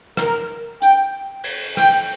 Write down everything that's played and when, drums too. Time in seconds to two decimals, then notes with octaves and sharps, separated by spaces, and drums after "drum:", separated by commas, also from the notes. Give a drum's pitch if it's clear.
0.17 A#4, drum: rim click
0.82 G5, drum: hi-hat
1.44 drum: cymbal
1.77 G5, drum: rim click